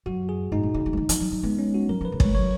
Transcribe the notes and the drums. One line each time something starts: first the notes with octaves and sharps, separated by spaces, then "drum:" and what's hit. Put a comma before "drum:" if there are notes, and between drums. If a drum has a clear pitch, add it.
F#2 F#4
G#4
G#2 D#4
A#2
C#3
D#3
F3
D#3
F3, drum: hi-hat
F#3
F#3
G#3 B3
C#4
F#4
F#3 A#4
F3 B4
C#3
G#3 C#5, drum: kick
F#3 C#5